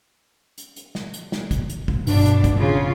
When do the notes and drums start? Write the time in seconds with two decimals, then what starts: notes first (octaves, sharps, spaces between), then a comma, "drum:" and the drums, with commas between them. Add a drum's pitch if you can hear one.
0.58 drum: hi-hat
0.76 drum: hi-hat
0.95 drum: snare
1.14 drum: hi-hat
1.32 drum: snare
1.51 drum: kick, hi-hat
1.69 drum: hi-hat
1.88 drum: kick
2.07 G2 B2 D4, drum: open hi-hat
2.25 drum: hi-hat
2.44 drum: kick, hi-hat
2.57 C#3 C#4 F4